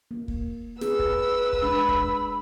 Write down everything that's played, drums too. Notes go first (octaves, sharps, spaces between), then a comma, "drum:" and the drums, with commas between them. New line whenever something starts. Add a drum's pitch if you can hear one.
A#3
drum: kick
G#4 B4 E6, drum: snare
drum: kick
drum: kick
G#3 D4 B5
drum: kick